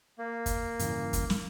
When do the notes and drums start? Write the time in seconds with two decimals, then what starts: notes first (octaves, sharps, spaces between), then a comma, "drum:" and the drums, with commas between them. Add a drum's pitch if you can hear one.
0.19 A#3
0.46 drum: kick, hi-hat
0.79 G2 C#3 E3, drum: hi-hat
1.13 drum: kick, hi-hat
1.30 drum: snare